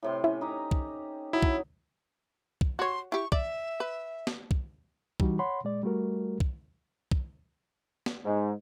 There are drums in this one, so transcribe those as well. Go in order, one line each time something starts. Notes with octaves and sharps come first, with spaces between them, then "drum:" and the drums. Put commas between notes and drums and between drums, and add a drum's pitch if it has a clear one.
A2 C3 C6
C#4 E4
D#4 G4 A#5
drum: kick C2
F#3 D#4 E4
drum: kick C2
drum: kick C2
F#4 C#5 C6
E4 G4 C#6
D5 E5, drum: kick C2
B4
drum: snare
drum: kick C2
E3 G3 D#4 F#4, drum: kick C2
C#5 F#5 B5 C6
A#2 G#3 D5
G3 A3 F#4 A#4
drum: kick C2
drum: kick C2
drum: snare
G#2